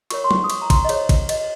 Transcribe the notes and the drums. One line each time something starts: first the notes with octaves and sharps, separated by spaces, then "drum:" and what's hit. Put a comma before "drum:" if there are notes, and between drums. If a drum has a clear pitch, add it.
F4 A#4 C#5 C#6, drum: cymbal
C6
C#6, drum: tom
D#6
C#6, drum: cymbal
A#5
C6, drum: kick, cymbal
D#5
D#4 G#4 C5 C#5, drum: cymbal
drum: kick, cymbal
D#5, drum: cymbal